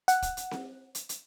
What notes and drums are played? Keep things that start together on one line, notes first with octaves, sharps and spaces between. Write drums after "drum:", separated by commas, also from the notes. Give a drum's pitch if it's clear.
F#5, drum: hi-hat
drum: kick, hi-hat
drum: hi-hat
drum: snare C4
drum: hi-hat
drum: hi-hat